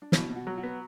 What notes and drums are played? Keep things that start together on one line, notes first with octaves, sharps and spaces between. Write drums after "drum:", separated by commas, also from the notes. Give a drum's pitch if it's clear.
D4
B2 E4, drum: snare
B2
F#4
F#3
F#4
B3